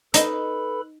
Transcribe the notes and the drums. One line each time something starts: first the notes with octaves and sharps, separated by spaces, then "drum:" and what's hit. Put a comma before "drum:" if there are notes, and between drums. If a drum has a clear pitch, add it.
D#4 A4 B4 B5, drum: hi-hat